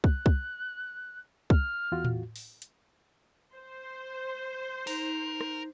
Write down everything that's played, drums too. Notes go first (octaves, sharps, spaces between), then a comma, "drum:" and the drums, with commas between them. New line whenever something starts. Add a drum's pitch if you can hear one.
F#6, drum: kick
drum: kick
F6, drum: kick
E2 F4 F#4
drum: tom A2
drum: open hi-hat
drum: hi-hat
C5
D#4 A#4, drum: open hi-hat
drum: rim click